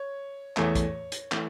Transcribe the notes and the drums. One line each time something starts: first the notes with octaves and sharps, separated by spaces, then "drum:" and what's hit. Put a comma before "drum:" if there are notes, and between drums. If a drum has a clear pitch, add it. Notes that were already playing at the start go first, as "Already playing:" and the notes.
Already playing: C#5
E2 E3 A3 C#5, drum: clap
drum: kick B1, hi-hat
drum: hi-hat
E3 A3, drum: clap